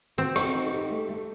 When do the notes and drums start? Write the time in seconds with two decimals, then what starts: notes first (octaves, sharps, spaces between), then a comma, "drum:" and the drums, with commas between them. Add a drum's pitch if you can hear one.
0.18 C4 F#4
0.36 F#4, drum: rim click
0.54 D#4
0.72 G4
0.90 A3
1.09 A3